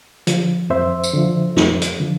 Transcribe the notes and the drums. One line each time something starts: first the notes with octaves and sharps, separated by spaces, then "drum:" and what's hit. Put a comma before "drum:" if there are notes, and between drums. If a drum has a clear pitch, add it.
D3 F3, drum: hi-hat
F2 C5 E5
drum: tambourine
D3 F3
F2, drum: snare
drum: hi-hat
D3 F3